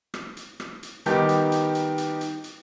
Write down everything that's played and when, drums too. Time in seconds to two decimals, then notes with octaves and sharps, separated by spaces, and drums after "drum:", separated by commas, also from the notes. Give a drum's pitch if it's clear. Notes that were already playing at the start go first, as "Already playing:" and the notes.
0.14 drum: rim click
0.37 drum: hi-hat
0.60 drum: rim click
0.83 drum: hi-hat
1.06 D#3 G3 B3 D#4 G4, drum: hi-hat
1.29 drum: hi-hat
1.52 drum: hi-hat
1.75 drum: hi-hat
1.98 drum: hi-hat
2.21 drum: hi-hat
2.44 drum: hi-hat